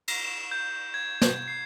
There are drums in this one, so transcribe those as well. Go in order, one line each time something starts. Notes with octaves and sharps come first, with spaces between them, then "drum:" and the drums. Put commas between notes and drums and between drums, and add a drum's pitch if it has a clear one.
drum: cymbal
E7
G6
G#6
G6, drum: snare
C7